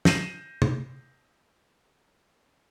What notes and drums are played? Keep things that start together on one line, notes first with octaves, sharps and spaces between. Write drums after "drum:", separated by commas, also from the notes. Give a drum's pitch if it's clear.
G6 A#6 C7 D#7 E7 F#7, drum: snare
drum: tom